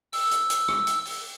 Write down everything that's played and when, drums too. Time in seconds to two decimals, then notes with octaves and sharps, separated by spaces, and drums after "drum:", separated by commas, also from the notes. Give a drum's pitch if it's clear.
0.13 E6, drum: open hi-hat
0.31 drum: hi-hat
0.50 drum: hi-hat
0.68 drum: rim click
0.87 drum: hi-hat
1.05 drum: open hi-hat